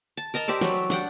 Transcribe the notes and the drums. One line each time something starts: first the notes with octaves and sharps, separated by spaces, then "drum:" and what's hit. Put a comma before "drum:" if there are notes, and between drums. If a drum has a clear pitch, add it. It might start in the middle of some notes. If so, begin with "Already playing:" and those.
A5
A#4 D#5 A5 A#5
G4 C5 D5 E5
F#3 B5, drum: snare
D4 F#5 G5, drum: snare